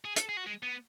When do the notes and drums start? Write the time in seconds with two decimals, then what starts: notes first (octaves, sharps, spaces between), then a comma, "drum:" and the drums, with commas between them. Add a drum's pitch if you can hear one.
0.05 G#4
0.16 A4, drum: hi-hat
0.29 G#4
0.37 F#4
0.46 G#3
0.63 B3